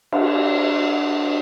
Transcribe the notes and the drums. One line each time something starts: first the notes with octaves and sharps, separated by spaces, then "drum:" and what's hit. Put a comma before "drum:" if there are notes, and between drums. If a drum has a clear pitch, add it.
D4, drum: cymbal